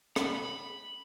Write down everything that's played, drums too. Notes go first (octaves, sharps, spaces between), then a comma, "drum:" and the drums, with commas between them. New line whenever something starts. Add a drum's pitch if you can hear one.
B5, drum: rim click